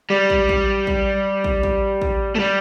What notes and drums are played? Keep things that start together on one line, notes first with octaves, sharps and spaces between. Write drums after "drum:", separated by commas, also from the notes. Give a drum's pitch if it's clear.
G3
drum: kick
drum: kick
drum: kick
drum: kick
drum: kick
drum: kick
A3
G3